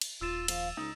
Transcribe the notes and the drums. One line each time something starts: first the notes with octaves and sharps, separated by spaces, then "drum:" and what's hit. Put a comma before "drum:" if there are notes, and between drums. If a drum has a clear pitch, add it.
drum: cymbal
D#1 F4 E6 A6 E7
F3 F5, drum: cymbal
C#2 D#4